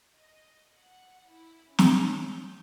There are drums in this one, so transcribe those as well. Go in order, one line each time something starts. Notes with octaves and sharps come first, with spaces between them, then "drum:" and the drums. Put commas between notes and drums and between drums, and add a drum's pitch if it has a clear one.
D#5
F#5
E4
C#4
drum: snare
G6